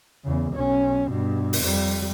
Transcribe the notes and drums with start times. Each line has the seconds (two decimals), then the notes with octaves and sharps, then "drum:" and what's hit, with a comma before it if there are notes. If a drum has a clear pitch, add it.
0.24 E2 C#3
0.53 B1 C#4
1.10 G2 B2
1.53 drum: open hi-hat
1.64 F2 G3